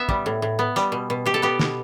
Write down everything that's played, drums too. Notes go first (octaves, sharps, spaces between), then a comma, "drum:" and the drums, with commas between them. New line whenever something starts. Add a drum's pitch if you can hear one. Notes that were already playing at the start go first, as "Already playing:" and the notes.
Already playing: B3 E5
G3, drum: kick
A2
A2
B3
G3, drum: hi-hat
B2
B2
B2 G4
A4
B3 G4
B2, drum: snare